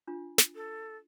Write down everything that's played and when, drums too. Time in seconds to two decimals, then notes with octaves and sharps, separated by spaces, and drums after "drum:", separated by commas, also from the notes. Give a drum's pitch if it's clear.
0.07 D4 F4
0.38 drum: snare
0.55 A4